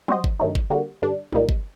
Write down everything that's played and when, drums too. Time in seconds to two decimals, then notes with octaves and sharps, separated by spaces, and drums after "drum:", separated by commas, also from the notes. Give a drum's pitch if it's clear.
0.08 G3 C4 F#4 C5 D#5, drum: tom
0.24 drum: kick
0.40 G2 D#3 F#3 A3 D#4
0.55 drum: kick
0.70 D3 G3 A#3 F#4
1.02 G2 D3 G3 D4
1.32 C2 A#2 G3 A#3 D#4, drum: tom
1.49 drum: kick